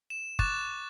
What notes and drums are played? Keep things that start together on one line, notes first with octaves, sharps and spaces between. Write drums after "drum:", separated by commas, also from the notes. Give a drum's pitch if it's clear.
E7
C#6 D6 F#6 A6 E7, drum: kick